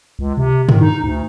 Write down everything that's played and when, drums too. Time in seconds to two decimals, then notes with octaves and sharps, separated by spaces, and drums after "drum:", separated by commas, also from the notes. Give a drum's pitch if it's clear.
0.19 C#2
0.37 C3
0.69 D#3, drum: tom
0.81 D#4
1.04 D2